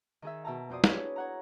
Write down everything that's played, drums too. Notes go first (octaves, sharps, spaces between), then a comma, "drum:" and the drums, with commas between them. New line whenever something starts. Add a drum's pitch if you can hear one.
D#3 G#4 E5
B2 E5 A5 A#5
F2 F#4 C5 D5 D#6
D4 E4 G#4 B4 C#5 D#5, drum: snare
C#5 F#5 A#5